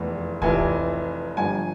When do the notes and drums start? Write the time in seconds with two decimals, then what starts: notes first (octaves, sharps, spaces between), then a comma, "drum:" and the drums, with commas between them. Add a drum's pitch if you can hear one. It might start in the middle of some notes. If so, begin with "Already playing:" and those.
Already playing: F1 E2 E3
0.42 F1 F2 E3 G#5, drum: kick C2
1.37 G1 G2 F3 G#5